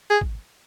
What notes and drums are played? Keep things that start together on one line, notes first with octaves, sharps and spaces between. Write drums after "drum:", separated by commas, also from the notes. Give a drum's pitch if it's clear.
G#4
drum: kick G#1